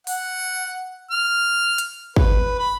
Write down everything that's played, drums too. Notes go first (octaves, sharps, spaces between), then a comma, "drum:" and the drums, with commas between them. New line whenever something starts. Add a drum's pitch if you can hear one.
F#5, drum: open hi-hat
F6
drum: hi-hat
B4, drum: kick
B5